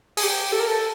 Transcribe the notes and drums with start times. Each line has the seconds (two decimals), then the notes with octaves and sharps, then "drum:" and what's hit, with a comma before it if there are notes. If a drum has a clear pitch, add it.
0.17 G#4, drum: open hi-hat
0.23 G4
0.52 A4
0.60 A#4
0.68 A4